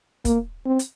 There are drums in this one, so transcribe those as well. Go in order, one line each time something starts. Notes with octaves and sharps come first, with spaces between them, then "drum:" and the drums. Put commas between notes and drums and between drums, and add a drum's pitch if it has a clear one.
A#3, drum: kick, hi-hat
C4
drum: hi-hat